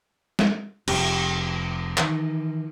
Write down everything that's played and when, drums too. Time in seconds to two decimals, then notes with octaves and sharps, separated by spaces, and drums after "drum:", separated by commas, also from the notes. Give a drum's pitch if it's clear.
0.39 drum: snare
0.88 F1 G4, drum: cymbal
1.97 D#3 E3, drum: clap